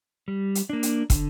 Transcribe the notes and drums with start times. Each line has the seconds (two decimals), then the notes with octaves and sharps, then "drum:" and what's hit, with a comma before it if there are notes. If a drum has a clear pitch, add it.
0.28 G3
0.55 drum: hi-hat
0.70 A#3 D4
0.83 drum: hi-hat
1.10 D3, drum: kick, hi-hat